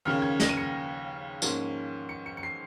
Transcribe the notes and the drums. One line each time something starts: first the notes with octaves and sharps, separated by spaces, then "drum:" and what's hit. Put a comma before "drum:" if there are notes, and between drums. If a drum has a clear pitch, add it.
D#2 C#3 F3 A#3 C#4 F6
G#6
A#6, drum: snare
D#7
C#7
G#2 F3 A#3 C#4, drum: tambourine
C#7
C#7
C#7
C7